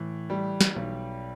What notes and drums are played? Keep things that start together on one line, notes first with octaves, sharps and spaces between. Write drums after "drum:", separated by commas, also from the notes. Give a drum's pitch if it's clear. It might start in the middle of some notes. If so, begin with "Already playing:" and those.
Already playing: A2 E3
G3
drum: snare
B1